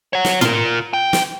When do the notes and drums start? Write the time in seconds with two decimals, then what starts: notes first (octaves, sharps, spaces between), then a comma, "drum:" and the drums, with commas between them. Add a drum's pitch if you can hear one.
0.13 C#5 F#5
0.25 drum: snare
0.41 F4 A#4, drum: tom
0.93 G5
1.13 drum: snare